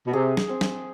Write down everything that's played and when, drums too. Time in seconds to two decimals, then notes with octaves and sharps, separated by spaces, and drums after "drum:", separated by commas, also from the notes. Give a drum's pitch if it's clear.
0.07 B2
0.13 C3 G#4
0.37 drum: snare
0.49 C4
0.61 drum: snare